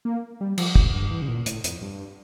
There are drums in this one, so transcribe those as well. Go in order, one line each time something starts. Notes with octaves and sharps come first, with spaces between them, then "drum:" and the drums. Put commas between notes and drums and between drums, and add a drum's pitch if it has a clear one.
A#3
G3
F3, drum: cymbal
G2, drum: kick
G2
E3
C#3
A#2
A2, drum: hi-hat
F2, drum: hi-hat
G2